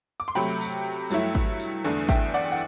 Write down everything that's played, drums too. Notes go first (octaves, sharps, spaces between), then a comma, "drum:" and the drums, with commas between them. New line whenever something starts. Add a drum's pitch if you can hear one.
D6
C6
C3 F#3 A3 G5 B5
drum: tambourine
G2 F#3 A3 E4, drum: tambourine
drum: kick G#1
drum: tambourine
E2 D3 A3 D4
E5 G5, drum: kick G#1, tambourine
D5 F#5
F#5